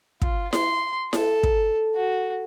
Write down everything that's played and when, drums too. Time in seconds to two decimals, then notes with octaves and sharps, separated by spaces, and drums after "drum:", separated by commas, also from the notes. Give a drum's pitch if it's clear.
0.22 F4, drum: kick
0.53 C6, drum: snare E4
1.13 A4, drum: snare E4
1.43 drum: kick
1.95 F#4